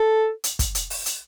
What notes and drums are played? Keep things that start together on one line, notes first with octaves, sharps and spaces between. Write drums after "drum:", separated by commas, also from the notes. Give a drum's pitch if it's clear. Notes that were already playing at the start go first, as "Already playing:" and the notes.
Already playing: A4
drum: hi-hat
drum: kick, hi-hat
drum: hi-hat
drum: open hi-hat
drum: hi-hat